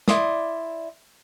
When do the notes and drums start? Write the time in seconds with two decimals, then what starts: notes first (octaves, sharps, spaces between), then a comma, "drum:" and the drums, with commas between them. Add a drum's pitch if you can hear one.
0.08 E4 D5 C6 D#6, drum: snare